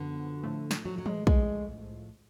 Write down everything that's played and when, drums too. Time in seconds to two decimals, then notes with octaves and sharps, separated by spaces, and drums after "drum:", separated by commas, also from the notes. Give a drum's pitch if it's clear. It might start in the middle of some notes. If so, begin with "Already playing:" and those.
Already playing: F#2 D3 F3 B3 F#4
0.43 A2 F3 A3
0.71 drum: snare
0.85 F#3
0.98 F#3
1.06 G#3, drum: tom
1.27 G#3, drum: kick